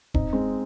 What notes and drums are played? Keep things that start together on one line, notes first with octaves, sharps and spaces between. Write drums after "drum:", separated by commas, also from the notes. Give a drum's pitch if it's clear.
C4 D#4, drum: kick
G#3 C4